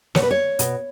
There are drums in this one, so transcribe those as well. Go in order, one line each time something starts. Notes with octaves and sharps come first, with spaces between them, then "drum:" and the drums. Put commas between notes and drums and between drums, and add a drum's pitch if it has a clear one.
B2 C#5, drum: snare
B4
C#5
B2, drum: hi-hat